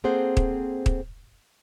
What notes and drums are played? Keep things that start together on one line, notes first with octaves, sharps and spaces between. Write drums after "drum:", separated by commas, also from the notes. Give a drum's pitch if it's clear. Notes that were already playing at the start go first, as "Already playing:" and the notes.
A#3 C4 G#4 A4 C5 F#5
drum: kick
drum: kick